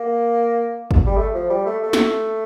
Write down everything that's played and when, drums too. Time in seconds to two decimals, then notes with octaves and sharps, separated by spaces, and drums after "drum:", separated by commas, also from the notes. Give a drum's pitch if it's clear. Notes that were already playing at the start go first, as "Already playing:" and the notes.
Already playing: A#3
0.91 drum: kick
1.06 G3
1.17 A3
1.34 F3
1.50 G3
1.66 A3
1.83 A3
1.93 drum: snare